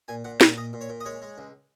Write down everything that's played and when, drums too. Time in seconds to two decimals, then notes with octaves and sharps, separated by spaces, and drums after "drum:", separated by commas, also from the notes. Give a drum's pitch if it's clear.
0.08 A#2 G#5
0.24 A#2 F#5
0.41 A#2 E5, drum: snare
0.57 A#2 D#5
0.73 A#2
0.81 C#5
0.89 A#2
1.00 D#5
1.05 G#3 C#5
1.22 G#3
1.38 C#2